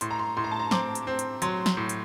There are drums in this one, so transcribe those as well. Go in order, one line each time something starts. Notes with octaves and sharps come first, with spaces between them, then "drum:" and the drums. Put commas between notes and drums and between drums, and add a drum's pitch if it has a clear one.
A2 C6, drum: hi-hat
A#5
C6
A2 C6
A#5
A5
A#5
C4 D6, drum: snare
drum: hi-hat
C4
drum: hi-hat
F#3 C6, drum: hi-hat
drum: snare
A2
drum: hi-hat